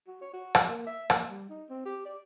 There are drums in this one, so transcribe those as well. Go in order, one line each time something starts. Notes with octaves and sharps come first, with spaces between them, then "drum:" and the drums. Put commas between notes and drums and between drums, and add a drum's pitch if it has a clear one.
F#4
C#5
F#4
drum: rim click
A#3
E5
A#3, drum: rim click
G3
D#4
C4
G4
D5